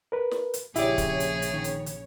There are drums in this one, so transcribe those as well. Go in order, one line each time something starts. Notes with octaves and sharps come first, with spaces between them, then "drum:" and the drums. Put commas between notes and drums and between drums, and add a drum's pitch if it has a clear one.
A#4 B4
drum: snare
drum: hi-hat
A#1 C#3 E4 G4 G#4 C#5 D5 E5, drum: hi-hat
drum: kick C#1, hi-hat
drum: hi-hat
drum: hi-hat
D#3
drum: hi-hat
drum: hi-hat